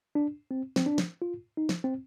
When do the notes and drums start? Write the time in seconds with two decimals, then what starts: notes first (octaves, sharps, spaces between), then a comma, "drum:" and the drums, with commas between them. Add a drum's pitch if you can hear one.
0.15 D4
0.51 C4
0.76 C4, drum: snare
0.86 D4
0.98 drum: snare
1.22 F4
1.57 D#4
1.69 drum: snare
1.84 C4